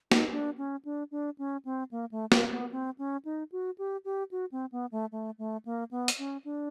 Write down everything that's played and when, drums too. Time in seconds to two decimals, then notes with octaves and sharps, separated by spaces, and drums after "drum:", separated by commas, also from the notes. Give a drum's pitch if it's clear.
0.12 D#4, drum: snare
0.32 D4
0.58 C#4
0.85 D4
1.11 D4
1.38 C#4
1.65 C4
1.91 A#3
2.11 A3
2.32 A#3, drum: snare
2.52 B3
2.72 C4
2.98 C#4
3.25 D#4
3.52 F#4
3.78 G4
4.05 G4
4.31 F#4
4.52 C4
4.72 B3
4.92 A3
5.12 A3
5.38 A3
5.65 A#3
5.91 B3
6.08 drum: hi-hat
6.19 C#4
6.45 D4